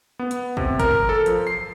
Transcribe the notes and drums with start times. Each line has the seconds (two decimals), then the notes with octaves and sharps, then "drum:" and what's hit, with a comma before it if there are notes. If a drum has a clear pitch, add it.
0.19 B3
0.31 drum: hi-hat
0.57 C3, drum: kick
0.80 A#4, drum: kick, hi-hat
1.09 A4
1.26 F3, drum: hi-hat
1.47 C7